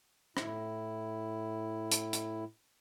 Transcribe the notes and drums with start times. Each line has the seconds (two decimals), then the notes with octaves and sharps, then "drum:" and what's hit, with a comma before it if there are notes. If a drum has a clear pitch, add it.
0.37 A2 E4, drum: rim click
1.91 drum: hi-hat
2.13 drum: hi-hat